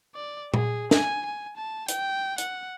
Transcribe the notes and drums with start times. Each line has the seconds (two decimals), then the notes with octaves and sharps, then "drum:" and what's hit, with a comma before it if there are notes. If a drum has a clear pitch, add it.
0.15 D5
0.54 G#4, drum: tom
0.91 G#5, drum: snare
1.25 G#5
1.56 A5
1.88 G5, drum: hi-hat
2.38 F#5, drum: hi-hat